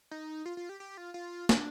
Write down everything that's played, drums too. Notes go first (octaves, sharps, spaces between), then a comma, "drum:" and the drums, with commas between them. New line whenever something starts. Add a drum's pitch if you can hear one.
D#4
F4
F4
G4
G4
F4
F4
D4, drum: snare